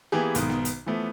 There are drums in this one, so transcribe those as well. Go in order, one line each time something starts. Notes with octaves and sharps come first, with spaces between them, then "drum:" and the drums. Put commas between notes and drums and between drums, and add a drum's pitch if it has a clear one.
E3 A#3 B3 G4 G#4
B1 G#2 B2 D#3, drum: hi-hat
drum: snare B3
drum: hi-hat
E3 F3 A3 B3